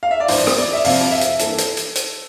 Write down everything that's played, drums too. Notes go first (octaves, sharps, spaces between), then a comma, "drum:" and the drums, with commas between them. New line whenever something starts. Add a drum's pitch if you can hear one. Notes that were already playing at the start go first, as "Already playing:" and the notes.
F5
E5
D5
A1 G2 E3 C5, drum: open hi-hat
drum: rim click
D5
E5
G1 F2 C3 F3 F5, drum: open hi-hat
E5
drum: hi-hat
G2 E3 A#3 A4, drum: hi-hat
drum: hi-hat
drum: hi-hat
drum: hi-hat